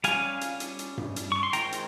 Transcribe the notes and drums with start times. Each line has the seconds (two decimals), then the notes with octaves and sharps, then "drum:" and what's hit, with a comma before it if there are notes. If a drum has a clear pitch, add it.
0.04 G3 C#4 F5 G#5, drum: hi-hat
0.41 drum: hi-hat
0.60 drum: hi-hat
0.79 drum: hi-hat
0.98 drum: tom G2
1.16 drum: hi-hat
1.32 C#6
1.43 C6
1.53 D#3 G#3 C4 G5 A#5, drum: hi-hat
1.72 drum: hi-hat